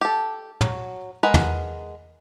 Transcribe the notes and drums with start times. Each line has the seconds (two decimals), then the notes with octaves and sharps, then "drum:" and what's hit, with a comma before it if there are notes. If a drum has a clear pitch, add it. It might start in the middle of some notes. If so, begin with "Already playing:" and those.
0.01 G4 A4
0.61 F#3, drum: tom
1.23 G#3 G#4 A#4 B4 F#5
1.34 drum: tom